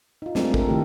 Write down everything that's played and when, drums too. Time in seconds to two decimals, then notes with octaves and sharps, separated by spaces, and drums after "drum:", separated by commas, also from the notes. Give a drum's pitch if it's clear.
0.22 D#4 F4
0.35 G#3 A3 C4 D4 G#4 A#4, drum: snare
0.54 A4 A#4, drum: kick
0.68 D3 D#3 A3 E4 G4 A4